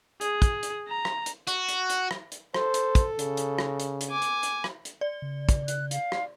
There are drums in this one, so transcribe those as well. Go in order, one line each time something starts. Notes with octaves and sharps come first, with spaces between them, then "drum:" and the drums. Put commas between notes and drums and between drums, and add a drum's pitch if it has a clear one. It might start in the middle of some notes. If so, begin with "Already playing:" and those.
G#4, drum: hi-hat
drum: kick, hi-hat
drum: hi-hat
A#5
drum: rim click
drum: hi-hat
F#4, drum: hi-hat
drum: hi-hat
drum: hi-hat
drum: rim click
drum: hi-hat
A4 C5, drum: rim click
drum: hi-hat
drum: kick, hi-hat
C#3, drum: hi-hat
drum: hi-hat
drum: rim click
drum: hi-hat
drum: hi-hat
G#5 D6
drum: hi-hat
drum: hi-hat
drum: rim click
drum: hi-hat
D5
C#3
drum: kick, hi-hat
F#6, drum: hi-hat
F5, drum: hi-hat
drum: rim click